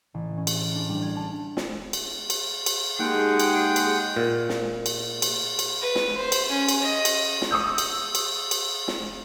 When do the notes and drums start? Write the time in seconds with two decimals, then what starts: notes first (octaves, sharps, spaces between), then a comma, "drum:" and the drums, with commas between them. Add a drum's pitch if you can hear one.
0.14 A1
0.38 C#4
0.47 drum: cymbal
0.61 D7
0.75 D4
0.89 G3
1.02 G#6
1.17 A5
1.57 drum: snare
1.93 drum: cymbal
2.30 drum: cymbal
2.66 drum: cymbal
2.99 G#3 A#3 D#4 G4 G#4 F#5 G5
3.40 drum: cymbal
3.76 drum: cymbal
4.16 A#2
4.49 drum: snare
4.86 drum: cymbal
5.22 drum: cymbal
5.59 drum: cymbal
5.81 B4
5.95 drum: snare
6.17 C5
6.32 drum: cymbal
6.49 C#4
6.68 drum: cymbal
6.82 D#5
7.05 drum: cymbal
7.42 drum: snare
7.51 C#6 D#6 E6 G6
7.78 drum: cymbal
8.15 drum: cymbal
8.51 drum: cymbal
8.88 drum: snare